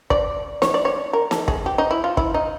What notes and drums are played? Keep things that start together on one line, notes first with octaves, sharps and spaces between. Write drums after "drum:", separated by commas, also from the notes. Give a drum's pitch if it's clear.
D5, drum: kick
C#5, drum: snare
D5
C#5
A#4
A4, drum: snare
G#4, drum: kick
G4
D#4
E4
F4
E4, drum: kick
D#4